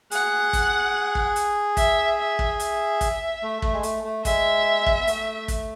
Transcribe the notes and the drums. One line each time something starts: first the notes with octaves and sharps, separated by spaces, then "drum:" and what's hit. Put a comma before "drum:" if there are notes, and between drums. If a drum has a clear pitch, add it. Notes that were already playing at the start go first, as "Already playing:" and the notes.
G#4 F#5, drum: hi-hat
drum: kick, hi-hat
drum: kick
drum: hi-hat
E5, drum: kick, hi-hat
E5
drum: kick
E5, drum: hi-hat
drum: kick, hi-hat
A3
A3, drum: kick
G#3
A3, drum: hi-hat
A3
G#3 E5, drum: kick, hi-hat
drum: kick
B3
A3, drum: hi-hat
drum: kick, hi-hat